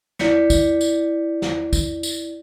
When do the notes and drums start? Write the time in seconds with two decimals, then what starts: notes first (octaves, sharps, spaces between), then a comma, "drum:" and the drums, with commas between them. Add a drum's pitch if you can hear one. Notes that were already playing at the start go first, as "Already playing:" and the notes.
0.19 E4 D5 G6 B6 C#7, drum: snare
0.50 drum: kick, tambourine
0.81 drum: tambourine
1.42 drum: snare
1.73 drum: kick, tambourine
2.03 drum: tambourine